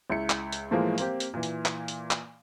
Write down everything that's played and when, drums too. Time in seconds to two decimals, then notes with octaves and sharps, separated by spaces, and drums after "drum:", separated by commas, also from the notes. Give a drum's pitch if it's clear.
0.10 C#2 E4 C#7
0.30 drum: clap
0.53 drum: hi-hat
0.71 A2 E3 F3 G#3 A#3
0.98 A#3 C4 G4, drum: hi-hat
1.20 drum: hi-hat
1.34 A#2 E3
1.43 drum: hi-hat
1.66 drum: clap
1.88 drum: hi-hat
2.11 drum: clap